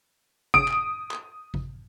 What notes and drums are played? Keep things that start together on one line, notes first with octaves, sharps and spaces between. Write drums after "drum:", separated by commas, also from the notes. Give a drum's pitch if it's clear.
D#6 D7, drum: kick
drum: clap
drum: clap
drum: kick